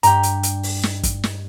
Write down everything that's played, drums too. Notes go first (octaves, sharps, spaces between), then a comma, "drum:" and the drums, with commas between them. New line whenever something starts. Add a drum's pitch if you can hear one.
G2 G4 A#5, drum: hi-hat
drum: hi-hat
drum: hi-hat
drum: open hi-hat
drum: snare
drum: kick, hi-hat
drum: snare